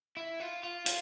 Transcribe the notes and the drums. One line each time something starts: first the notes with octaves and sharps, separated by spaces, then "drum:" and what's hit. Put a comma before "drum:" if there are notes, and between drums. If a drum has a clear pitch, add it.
E4
F4
F4
F4, drum: hi-hat